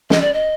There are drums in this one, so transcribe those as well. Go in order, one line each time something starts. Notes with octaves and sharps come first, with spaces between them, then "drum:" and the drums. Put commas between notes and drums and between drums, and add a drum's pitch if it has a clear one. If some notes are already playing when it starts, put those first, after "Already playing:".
D#5, drum: snare
D5
D#5